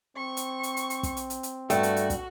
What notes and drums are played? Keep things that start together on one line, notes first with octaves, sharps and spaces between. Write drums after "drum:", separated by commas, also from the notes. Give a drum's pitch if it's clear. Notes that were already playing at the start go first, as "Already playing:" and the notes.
C4 C#6
drum: hi-hat
drum: hi-hat
drum: hi-hat
drum: hi-hat
drum: kick, hi-hat
drum: hi-hat
drum: hi-hat
drum: hi-hat
G2 A3 F#4 G5, drum: hi-hat
drum: hi-hat
drum: hi-hat
drum: kick, hi-hat